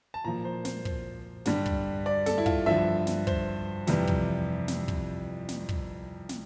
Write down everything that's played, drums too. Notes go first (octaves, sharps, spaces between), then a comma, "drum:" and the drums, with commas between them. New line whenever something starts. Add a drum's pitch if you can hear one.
A5
A#2 F3 A#5
C5
C5, drum: snare
C5, drum: kick
G2 D3 G3, drum: snare
drum: kick
D5
A4, drum: snare
E4
F4, drum: kick
G2 D3 F3 E5
drum: snare
C5, drum: kick
F2 C3 E3 G3, drum: snare
drum: kick
drum: snare
drum: kick
drum: snare
drum: kick
drum: snare